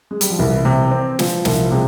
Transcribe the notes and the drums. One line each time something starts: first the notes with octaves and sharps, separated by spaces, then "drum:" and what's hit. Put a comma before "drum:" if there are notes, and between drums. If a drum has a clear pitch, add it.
G#3
G3, drum: hi-hat
F3
C2 E3
C3
C4
F3, drum: snare
C2 F3, drum: snare
C3 G#3